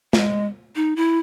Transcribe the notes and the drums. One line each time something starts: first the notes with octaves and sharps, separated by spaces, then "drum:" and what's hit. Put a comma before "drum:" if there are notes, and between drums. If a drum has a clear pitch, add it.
G#3, drum: snare
D#4
E4